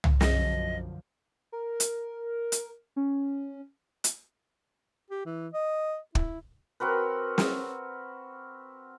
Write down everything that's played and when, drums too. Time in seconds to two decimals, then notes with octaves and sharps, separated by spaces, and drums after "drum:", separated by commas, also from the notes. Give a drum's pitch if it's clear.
0.04 drum: tom C2
0.21 F#2 D3 F3 D#5, drum: snare
1.52 A#4
1.80 drum: hi-hat
2.52 drum: hi-hat
2.96 C#4
4.04 drum: hi-hat
5.11 G4
5.25 E3
5.53 D#5
6.15 E4, drum: kick
6.80 C4 F#4 A#4 B4
7.38 drum: snare